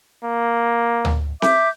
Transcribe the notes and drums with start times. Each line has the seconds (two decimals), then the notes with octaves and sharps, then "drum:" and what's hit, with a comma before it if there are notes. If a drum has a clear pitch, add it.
0.24 A#3
1.05 drum: tom D2
1.42 E5 D6 G6, drum: snare C4